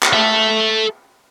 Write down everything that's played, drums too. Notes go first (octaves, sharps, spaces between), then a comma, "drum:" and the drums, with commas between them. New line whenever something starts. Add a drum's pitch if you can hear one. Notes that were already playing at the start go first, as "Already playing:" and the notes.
drum: clap
A4 E5